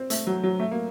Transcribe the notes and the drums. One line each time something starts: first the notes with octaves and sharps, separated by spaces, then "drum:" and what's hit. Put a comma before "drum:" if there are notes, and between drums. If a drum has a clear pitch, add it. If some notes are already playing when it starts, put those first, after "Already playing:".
Already playing: C4
A3, drum: hi-hat
F#3
F#3
A3
A#3